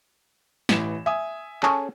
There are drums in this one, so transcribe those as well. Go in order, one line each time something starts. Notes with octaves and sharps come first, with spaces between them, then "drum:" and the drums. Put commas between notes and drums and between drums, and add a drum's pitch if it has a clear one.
A1 E3 E7, drum: snare
E5 G#5 D#6
C#4 G#4 A4, drum: clap